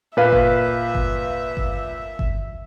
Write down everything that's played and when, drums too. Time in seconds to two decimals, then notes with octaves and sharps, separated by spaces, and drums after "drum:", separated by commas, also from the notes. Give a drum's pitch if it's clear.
0.17 A#2 B4 E5 F5
0.32 drum: kick G1
0.95 drum: kick G1
1.57 drum: kick G1
2.19 drum: kick G1